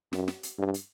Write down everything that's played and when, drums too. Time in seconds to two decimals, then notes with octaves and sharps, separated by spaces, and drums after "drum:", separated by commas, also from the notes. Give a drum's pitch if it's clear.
0.13 F#2, drum: snare
0.28 drum: snare
0.43 drum: hi-hat
0.58 G2
0.74 drum: hi-hat